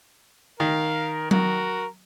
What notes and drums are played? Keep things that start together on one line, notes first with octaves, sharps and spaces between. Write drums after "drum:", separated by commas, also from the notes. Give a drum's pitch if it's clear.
D#3 A#4 F5
F#4 A#4, drum: tom F#3